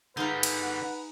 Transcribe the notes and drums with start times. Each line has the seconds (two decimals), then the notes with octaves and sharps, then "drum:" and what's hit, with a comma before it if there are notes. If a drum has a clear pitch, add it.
0.17 D3 G3 D#4 G#4 B4 F5 F#5
0.43 drum: cymbal